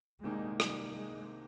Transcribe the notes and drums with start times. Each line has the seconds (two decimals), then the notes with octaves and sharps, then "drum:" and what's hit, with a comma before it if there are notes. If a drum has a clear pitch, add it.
0.22 C2 C3 D#3 G#3 A#3 D#4
0.60 G3, drum: rim click
0.95 G#3